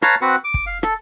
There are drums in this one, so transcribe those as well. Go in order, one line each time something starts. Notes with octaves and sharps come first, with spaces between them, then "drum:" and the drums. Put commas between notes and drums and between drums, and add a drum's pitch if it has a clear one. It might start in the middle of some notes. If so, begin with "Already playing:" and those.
B4 C#5 F5 A5 A#5, drum: rim click
C4 F#4 B4 F#5
D6
drum: kick
F5
A4, drum: rim click